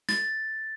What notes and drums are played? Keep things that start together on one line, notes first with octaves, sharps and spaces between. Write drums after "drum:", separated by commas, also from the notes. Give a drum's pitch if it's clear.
A6, drum: snare